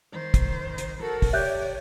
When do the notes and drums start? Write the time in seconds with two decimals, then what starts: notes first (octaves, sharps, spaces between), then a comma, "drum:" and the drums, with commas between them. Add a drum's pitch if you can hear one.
0.12 D#3 C5
0.34 drum: kick, hi-hat
0.78 drum: hi-hat
1.01 F#4 A4 A#4
1.22 drum: kick, open hi-hat
1.33 G4 C#5 D5 E5 F#6 G6